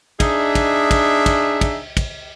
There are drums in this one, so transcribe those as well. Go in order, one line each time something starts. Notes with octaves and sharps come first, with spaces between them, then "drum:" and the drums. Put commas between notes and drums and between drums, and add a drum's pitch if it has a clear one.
D4 D#4 G#4 E5, drum: kick, cymbal
drum: kick, cymbal
drum: kick, cymbal
drum: kick, cymbal
drum: kick, cymbal
drum: kick, cymbal